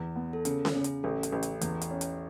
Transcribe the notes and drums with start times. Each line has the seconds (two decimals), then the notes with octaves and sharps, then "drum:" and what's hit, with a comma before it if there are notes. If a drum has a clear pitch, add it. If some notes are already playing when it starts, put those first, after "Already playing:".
Already playing: E2
0.16 B3
0.33 A4
0.45 C#3 G#4, drum: hi-hat
0.65 drum: snare C#4
0.75 C#3 G#4
0.84 drum: hi-hat
1.03 A1 A4
1.23 drum: hi-hat
1.32 A1
1.43 drum: hi-hat
1.61 E2, drum: hi-hat
1.81 drum: hi-hat
1.91 C#4
2.01 drum: hi-hat